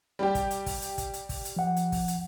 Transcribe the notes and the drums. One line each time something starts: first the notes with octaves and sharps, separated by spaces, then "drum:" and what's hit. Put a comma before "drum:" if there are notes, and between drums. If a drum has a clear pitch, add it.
G3 G4
drum: kick, hi-hat
drum: hi-hat
drum: kick, open hi-hat
drum: hi-hat
drum: kick, hi-hat
drum: hi-hat
drum: kick, open hi-hat
drum: hi-hat
F3 F#5
drum: hi-hat
drum: kick, open hi-hat
drum: hi-hat